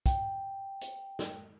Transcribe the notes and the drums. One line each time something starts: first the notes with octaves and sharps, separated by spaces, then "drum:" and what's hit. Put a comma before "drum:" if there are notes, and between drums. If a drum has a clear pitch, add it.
G5, drum: kick, hi-hat
drum: hi-hat
drum: snare